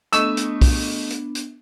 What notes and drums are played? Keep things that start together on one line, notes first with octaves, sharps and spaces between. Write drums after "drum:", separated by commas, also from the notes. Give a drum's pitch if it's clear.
A3 B3 D4 D#5 C#6 E6, drum: hi-hat
drum: hi-hat
drum: kick B1, open hi-hat
drum: hi-hat
drum: hi-hat